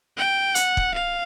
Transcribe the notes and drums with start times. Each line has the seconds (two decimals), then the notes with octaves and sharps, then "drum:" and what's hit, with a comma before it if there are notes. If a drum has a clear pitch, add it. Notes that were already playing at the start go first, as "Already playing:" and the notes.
0.18 G5
0.55 F#5, drum: hi-hat
0.77 drum: kick
0.94 F5